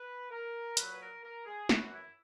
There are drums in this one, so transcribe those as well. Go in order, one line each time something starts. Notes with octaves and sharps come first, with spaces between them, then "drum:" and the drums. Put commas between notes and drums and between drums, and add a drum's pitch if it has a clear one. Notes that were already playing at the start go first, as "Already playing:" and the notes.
Already playing: B4
A#4
A#2 F#3 B4, drum: hi-hat
B4
A#4
A#4
G#4
F#2 E3 F#4, drum: snare
E4